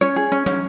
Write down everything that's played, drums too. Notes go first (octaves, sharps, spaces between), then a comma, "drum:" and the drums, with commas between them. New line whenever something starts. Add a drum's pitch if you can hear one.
C#4 C#5
G#4
C#4
C#4, drum: tom